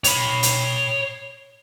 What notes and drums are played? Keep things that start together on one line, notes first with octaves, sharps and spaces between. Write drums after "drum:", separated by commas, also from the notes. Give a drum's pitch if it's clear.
C#5 B5, drum: hi-hat
drum: hi-hat